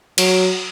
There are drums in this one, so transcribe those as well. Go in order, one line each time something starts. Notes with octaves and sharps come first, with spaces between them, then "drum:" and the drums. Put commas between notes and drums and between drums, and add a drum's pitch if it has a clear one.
F#3, drum: cymbal